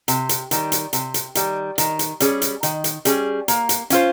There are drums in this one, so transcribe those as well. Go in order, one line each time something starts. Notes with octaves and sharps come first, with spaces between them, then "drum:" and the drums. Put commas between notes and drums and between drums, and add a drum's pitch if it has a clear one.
C3, drum: hi-hat
drum: hi-hat
D#3 G3, drum: hi-hat
drum: hi-hat
C3, drum: hi-hat
drum: hi-hat
D#3 G3, drum: hi-hat
D#3, drum: hi-hat
drum: hi-hat
G3 C#4 G#4, drum: hi-hat
drum: hi-hat
D#3, drum: hi-hat
drum: hi-hat
G3 C#4 G#4, drum: hi-hat
A#3, drum: hi-hat
drum: hi-hat
C#4 F4 C5, drum: hi-hat